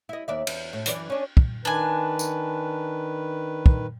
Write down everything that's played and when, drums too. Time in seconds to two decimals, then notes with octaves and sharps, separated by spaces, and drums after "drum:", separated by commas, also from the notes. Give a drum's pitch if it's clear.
0.09 E4 D#5
0.28 D#2 D5 E5
0.47 E2, drum: cymbal
0.73 A2
0.86 F#2 E3 D5, drum: hi-hat
1.10 C#4 D4
1.37 drum: kick
1.65 D#3 D4 B4 G#5
2.19 drum: tambourine
3.66 drum: kick